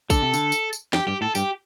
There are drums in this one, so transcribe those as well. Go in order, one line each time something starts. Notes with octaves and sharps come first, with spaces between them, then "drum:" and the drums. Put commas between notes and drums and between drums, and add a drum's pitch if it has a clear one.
D3 A4, drum: kick, tambourine
C3
D3, drum: tambourine
drum: tambourine
drum: tambourine
F2 G4, drum: snare
G2 G4
A2 A4
G2 G4, drum: tambourine